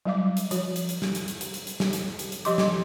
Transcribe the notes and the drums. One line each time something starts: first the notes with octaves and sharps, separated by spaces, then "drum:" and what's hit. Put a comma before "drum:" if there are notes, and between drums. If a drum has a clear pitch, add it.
F#3 G3 F5 D6
drum: hi-hat
F3 F#4 C#5, drum: hi-hat
drum: hi-hat
drum: hi-hat
drum: snare
drum: hi-hat
drum: hi-hat
drum: hi-hat
drum: hi-hat
drum: hi-hat
drum: snare
drum: hi-hat
drum: hi-hat
drum: hi-hat
F3 G4 D#5 C6 D6, drum: hi-hat
drum: snare